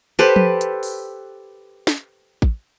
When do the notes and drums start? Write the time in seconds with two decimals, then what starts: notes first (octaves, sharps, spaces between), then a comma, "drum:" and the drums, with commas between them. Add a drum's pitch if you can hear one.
0.19 G4 A4 B4 C5
0.36 drum: tom F3
0.61 drum: hi-hat
0.83 drum: open hi-hat
1.87 drum: snare
2.42 drum: kick A1